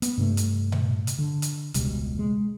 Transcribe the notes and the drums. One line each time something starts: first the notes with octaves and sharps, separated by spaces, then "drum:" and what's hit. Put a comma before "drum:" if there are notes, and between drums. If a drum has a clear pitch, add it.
B3, drum: hi-hat
G2 C3 A3
drum: hi-hat
drum: tom A#2
drum: hi-hat
D3
drum: hi-hat
E1 C#2 B2 G3, drum: hi-hat
G#3